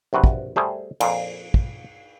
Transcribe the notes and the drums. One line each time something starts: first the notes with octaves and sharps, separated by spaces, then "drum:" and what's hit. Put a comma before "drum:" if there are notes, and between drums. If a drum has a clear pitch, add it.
A#1 C3 F#4 B4
drum: kick
G3 A3 G#4 C5
F2 A#2, drum: cymbal
drum: kick